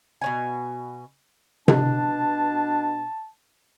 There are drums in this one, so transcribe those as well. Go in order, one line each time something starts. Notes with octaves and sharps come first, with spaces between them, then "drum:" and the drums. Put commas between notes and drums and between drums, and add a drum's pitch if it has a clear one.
B2 C#4 G#5
B2 D4 A5, drum: tom C3